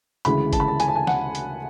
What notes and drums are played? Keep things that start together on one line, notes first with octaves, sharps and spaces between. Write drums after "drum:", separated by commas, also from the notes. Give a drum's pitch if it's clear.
D2 C#3 E3 G#3 B5, drum: hi-hat
A5, drum: kick G#1, hi-hat
B5
A5
G#5, drum: hi-hat
A5
G#5
F#5, drum: snare
drum: hi-hat